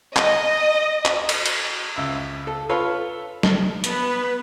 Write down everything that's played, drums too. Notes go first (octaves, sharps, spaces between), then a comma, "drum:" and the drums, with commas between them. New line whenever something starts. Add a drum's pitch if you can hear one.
D#5, drum: clap
drum: clap
drum: cymbal
drum: cymbal
C#2 E5
A4
F4 A4 B4 C#5 F5
drum: snare
B3 B4, drum: hi-hat